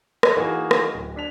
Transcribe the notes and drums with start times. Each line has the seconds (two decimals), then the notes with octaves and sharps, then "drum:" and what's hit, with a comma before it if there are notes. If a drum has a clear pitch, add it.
0.23 A4 B4 C#5 D#5, drum: rim click
0.37 E3 A#3 D#4 F#4 G#4
0.71 drum: rim click
0.94 D1
1.16 D4 B6 F7